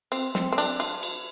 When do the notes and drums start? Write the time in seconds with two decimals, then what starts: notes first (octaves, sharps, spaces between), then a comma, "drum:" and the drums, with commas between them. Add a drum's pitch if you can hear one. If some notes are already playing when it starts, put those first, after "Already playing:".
0.12 C4, drum: cymbal
0.35 C4, drum: snare
0.52 C4
0.58 D4, drum: cymbal
0.80 F4, drum: cymbal
1.03 drum: cymbal